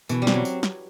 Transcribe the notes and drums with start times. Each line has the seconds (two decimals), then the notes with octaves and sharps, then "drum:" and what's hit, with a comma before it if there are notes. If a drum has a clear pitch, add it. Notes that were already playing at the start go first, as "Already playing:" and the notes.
0.09 B2 E3, drum: tambourine
0.22 G3
0.27 C4, drum: snare
0.34 F#3
0.45 drum: tambourine
0.63 drum: snare